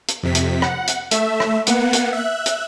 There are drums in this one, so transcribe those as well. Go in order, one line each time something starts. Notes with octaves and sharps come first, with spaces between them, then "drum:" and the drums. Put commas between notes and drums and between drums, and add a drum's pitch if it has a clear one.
drum: hi-hat
F2 C3 B6
drum: hi-hat
F#5, drum: rim click
drum: hi-hat
A3 E5, drum: hi-hat
drum: rim click
A#3 B3 F#5, drum: hi-hat
drum: hi-hat
E5 F#6
drum: hi-hat